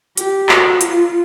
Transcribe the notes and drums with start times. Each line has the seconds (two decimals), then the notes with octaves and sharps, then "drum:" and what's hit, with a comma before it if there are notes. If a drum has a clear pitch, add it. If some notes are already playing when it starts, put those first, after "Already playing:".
0.17 G4, drum: hi-hat
0.49 F#4, drum: clap
0.81 F4, drum: hi-hat